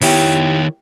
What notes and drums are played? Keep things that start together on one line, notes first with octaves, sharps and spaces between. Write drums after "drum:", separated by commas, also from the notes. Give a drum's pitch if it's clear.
D#3 B3 E4 G4 C#5, drum: open hi-hat